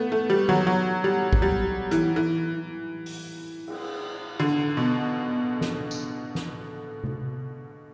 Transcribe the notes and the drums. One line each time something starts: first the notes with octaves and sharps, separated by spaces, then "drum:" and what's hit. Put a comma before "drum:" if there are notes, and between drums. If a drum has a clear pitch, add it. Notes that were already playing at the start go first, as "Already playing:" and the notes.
Already playing: A3 B3
A3
G3
F#3, drum: tom D#3
F#3
G3
drum: kick
G3
E3, drum: hi-hat
E3
drum: open hi-hat
drum: cymbal
D3
B2
drum: snare
drum: tambourine
drum: snare
drum: tom C3